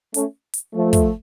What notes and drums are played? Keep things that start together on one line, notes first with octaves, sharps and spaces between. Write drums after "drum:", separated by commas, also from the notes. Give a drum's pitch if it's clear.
A3 C#4, drum: hi-hat
drum: hi-hat
F3 A3
drum: kick, hi-hat